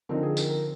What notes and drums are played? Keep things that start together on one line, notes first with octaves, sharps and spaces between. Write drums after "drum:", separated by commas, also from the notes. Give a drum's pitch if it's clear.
D3 F3 C4 D#4 A#4
G#4
A#4, drum: tambourine
A#4